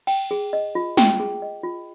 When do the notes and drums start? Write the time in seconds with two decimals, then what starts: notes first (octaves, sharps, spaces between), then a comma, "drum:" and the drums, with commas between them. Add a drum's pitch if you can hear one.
0.07 G5, drum: cymbal
0.31 G#4
0.53 D#5
0.75 F4
0.97 G5, drum: snare
1.20 G#4
1.42 D#5
1.63 F4